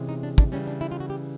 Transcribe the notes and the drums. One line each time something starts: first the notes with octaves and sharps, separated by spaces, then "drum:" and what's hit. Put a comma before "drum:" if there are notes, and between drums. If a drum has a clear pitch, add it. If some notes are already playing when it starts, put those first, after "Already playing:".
Already playing: C3 E3 G#3 C#4
D#4
D4
D4, drum: kick
C#3 E3 G3 C#4
D4
E4
F4
F#4
G4